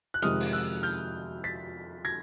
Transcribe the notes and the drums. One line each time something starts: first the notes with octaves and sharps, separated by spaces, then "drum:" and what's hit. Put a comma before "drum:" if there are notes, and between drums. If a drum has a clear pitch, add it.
F#6
F2 C3 D#3 G#3 D#6 F6, drum: hi-hat
drum: open hi-hat
E6 F#6
F6 G6
A6 B6
G#6 A#6